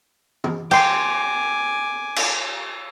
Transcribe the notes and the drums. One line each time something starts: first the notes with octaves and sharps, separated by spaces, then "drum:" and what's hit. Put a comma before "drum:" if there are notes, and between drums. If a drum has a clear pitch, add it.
drum: tom
G5 G#5 C6 D6, drum: cymbal
drum: cymbal